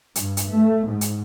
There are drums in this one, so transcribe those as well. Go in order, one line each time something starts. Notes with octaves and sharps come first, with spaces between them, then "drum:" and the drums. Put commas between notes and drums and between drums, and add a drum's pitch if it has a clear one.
G2, drum: hi-hat
drum: hi-hat
A3
G#2
drum: hi-hat